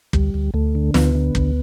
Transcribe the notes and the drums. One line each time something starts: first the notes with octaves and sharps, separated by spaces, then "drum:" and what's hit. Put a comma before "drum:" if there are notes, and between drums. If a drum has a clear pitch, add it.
D2 G3, drum: kick
D2
D2 A3
D3
D2 B3, drum: snare
D3
D2, drum: kick